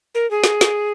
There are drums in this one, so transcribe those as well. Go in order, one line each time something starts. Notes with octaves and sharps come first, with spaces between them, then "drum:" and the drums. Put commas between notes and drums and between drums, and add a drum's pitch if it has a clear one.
A#4
G#4
drum: snare
drum: snare